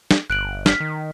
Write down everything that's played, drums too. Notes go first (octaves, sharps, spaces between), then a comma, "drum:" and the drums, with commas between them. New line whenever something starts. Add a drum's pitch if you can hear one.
drum: snare
G1 F#6 D7 F#7
F6 B6, drum: snare
D#3